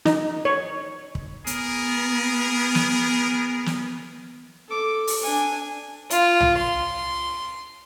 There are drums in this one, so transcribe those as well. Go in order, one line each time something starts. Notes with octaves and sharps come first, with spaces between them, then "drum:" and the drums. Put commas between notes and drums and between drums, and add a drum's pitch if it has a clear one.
D#4, drum: snare
C#5
drum: kick
B3 G#4 A#4, drum: hi-hat
drum: snare
drum: snare
A4 D6
drum: open hi-hat
D4 G#5
F4, drum: hi-hat
drum: tom
C6